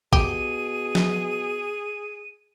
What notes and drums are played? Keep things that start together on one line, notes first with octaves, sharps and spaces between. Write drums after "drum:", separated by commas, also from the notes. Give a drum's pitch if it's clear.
B2 G4 G#4 D#7, drum: kick A#1
drum: snare